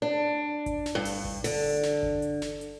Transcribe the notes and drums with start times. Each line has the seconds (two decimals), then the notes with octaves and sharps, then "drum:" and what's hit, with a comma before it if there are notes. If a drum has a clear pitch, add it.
0.02 D4
0.66 drum: kick G1, hi-hat
0.86 drum: snare
0.95 G2
1.05 drum: open hi-hat
1.25 drum: kick G1
1.44 D3, drum: open hi-hat
1.83 drum: snare
2.03 drum: kick G1
2.22 drum: hi-hat
2.42 drum: snare
2.61 drum: hi-hat